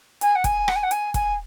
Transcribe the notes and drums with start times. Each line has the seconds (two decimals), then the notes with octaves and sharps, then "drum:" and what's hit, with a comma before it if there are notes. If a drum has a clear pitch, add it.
0.21 G#5, drum: hi-hat
0.35 F#5
0.44 G#5, drum: kick, hi-hat
0.68 F#5, drum: rim click
0.75 G#5
0.83 F#5
0.91 G#5, drum: hi-hat
1.14 G#5, drum: kick, hi-hat